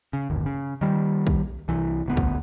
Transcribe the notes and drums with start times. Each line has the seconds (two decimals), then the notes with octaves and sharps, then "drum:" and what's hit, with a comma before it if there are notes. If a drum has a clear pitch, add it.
0.13 C#3
0.30 D1 G1 D#2
0.46 C#3
0.81 D#3 G3
1.27 drum: kick
1.68 C2 E3
2.06 D#1 D2 B3
2.17 drum: kick